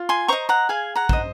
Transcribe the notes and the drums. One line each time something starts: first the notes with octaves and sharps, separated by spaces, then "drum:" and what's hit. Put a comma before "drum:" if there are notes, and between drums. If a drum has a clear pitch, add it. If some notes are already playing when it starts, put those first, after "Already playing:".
Already playing: F4
G#5 C6
C5 D#5 A#5 C#6
F#5 A#5
G#4 F5 G#5
F#5 A#5
C5 D#5, drum: kick